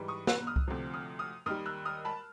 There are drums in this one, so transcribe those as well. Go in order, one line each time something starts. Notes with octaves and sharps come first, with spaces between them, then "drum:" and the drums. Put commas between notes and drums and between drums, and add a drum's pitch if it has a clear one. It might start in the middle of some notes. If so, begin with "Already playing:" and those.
Already playing: G#2 E3 G3
C#6 D#6
E6 F#6, drum: snare
D#6 F6
drum: kick C2
D2 C3 F3
D#6 F6
D#6 F6
D#2 D#3 G3 D#6 F6
E6 F#6
D#6 F6
A5 B5